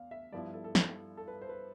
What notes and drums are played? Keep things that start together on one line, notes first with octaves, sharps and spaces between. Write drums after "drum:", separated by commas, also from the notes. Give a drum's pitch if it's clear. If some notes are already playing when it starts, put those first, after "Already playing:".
Already playing: E2 F5
E5
G2 F3 B3 E4 D5
A4
A4
drum: snare
A4
B4
C5
B4